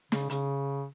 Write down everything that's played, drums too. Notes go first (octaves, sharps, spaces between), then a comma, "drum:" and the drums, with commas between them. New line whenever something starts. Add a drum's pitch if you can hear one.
C#3, drum: snare
C#3, drum: hi-hat